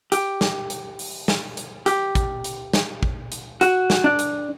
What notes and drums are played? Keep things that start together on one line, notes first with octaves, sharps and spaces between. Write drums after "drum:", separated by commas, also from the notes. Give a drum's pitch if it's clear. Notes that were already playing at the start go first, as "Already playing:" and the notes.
G4, drum: hi-hat
drum: snare
drum: hi-hat
drum: open hi-hat
drum: snare
drum: hi-hat
G4, drum: hi-hat
drum: kick, hi-hat
drum: hi-hat
drum: snare
drum: kick
drum: hi-hat
F#4, drum: hi-hat
drum: snare
D4
drum: hi-hat